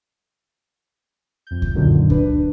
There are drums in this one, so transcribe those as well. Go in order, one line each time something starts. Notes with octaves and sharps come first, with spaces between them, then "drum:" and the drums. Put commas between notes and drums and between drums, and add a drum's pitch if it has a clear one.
F2 G6
drum: kick C#2
F#2 A#2 D3 D#3 F#3
D4 B4, drum: kick C#2